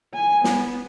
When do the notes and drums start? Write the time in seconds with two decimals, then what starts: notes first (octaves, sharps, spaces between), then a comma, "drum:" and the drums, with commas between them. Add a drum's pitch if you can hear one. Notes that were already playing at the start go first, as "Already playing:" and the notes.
0.14 G#5
0.44 B3, drum: snare